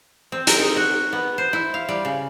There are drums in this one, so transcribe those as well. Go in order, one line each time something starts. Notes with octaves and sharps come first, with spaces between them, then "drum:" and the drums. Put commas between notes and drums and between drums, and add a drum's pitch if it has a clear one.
C4
A#4, drum: hi-hat
D#4
F#4
B3
C5
E4
F5
G3
C#3